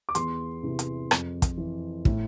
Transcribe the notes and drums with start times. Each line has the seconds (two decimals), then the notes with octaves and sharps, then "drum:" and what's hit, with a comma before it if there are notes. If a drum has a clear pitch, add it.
0.09 D6
0.15 E2 C6, drum: hi-hat
0.63 C3 E3
0.79 drum: hi-hat
1.11 F2, drum: rim click
1.42 drum: kick, hi-hat
1.58 E3
2.05 A2, drum: kick